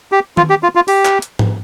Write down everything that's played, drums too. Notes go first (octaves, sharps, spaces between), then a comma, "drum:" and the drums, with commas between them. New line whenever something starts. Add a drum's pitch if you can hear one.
G4
F4, drum: tom D#3
G4
F4
F4
G4, drum: open hi-hat
drum: clap
drum: hi-hat
drum: tom G#2